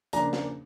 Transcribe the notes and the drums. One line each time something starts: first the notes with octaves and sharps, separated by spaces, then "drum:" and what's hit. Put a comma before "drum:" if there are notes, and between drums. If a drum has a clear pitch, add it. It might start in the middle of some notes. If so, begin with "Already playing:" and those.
C#3 F3 A#3 D4 A#5, drum: hi-hat
drum: snare